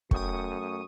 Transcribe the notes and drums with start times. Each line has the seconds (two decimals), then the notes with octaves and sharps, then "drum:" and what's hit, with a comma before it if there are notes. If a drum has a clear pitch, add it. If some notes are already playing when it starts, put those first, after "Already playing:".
0.11 F#2 A3 G5 C#6 D#6, drum: kick